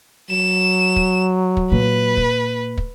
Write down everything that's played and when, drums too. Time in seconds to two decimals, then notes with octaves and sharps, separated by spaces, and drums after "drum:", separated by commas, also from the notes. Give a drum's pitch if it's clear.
0.31 F#3 E7
0.96 drum: kick
1.57 drum: kick
1.72 A#2 B4
2.17 drum: kick
2.78 drum: kick